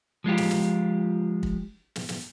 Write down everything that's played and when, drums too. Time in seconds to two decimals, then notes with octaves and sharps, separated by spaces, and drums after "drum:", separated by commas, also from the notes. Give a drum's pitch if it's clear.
0.24 F3 G#3 F4 G4
0.37 drum: snare
0.51 drum: snare
1.43 drum: kick
1.96 drum: snare
2.09 drum: snare